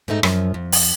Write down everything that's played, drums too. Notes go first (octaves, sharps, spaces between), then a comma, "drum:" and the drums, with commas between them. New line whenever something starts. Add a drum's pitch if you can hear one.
G#2 B2 A3 D#4
F#2 F3, drum: rim click
F2
drum: open hi-hat